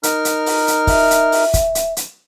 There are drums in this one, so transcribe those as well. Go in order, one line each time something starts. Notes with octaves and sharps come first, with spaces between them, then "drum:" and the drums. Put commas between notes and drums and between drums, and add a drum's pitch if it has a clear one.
D#4 A#4 F6, drum: hi-hat
drum: hi-hat
drum: open hi-hat
drum: hi-hat
E5, drum: kick, open hi-hat
drum: hi-hat
drum: open hi-hat
drum: kick, hi-hat
drum: hi-hat
drum: hi-hat